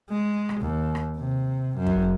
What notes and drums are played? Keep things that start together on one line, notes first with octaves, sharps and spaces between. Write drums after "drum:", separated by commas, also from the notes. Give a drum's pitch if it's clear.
G#3
drum: rim click
D#2
drum: rim click
C3
F#2
drum: kick